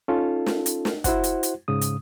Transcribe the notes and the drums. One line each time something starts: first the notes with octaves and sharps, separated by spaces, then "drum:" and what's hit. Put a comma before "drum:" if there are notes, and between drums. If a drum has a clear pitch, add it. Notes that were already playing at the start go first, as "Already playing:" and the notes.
C#4 D#4 F4 A4
drum: snare
drum: hi-hat
drum: snare
E4 F#4 C5 F#5, drum: kick, hi-hat
drum: hi-hat
drum: hi-hat
G#2 C#3 D#6
drum: hi-hat